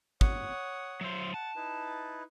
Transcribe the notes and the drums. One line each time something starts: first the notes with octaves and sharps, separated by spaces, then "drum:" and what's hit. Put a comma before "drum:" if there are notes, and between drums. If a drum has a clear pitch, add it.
C#5 F#5 D#6, drum: kick
F#3 C5 E5
F#5 A5
D#4 E4 B4